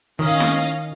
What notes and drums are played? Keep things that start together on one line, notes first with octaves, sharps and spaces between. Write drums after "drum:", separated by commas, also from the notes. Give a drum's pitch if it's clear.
D#3 C#4 D#5 F5
drum: snare E4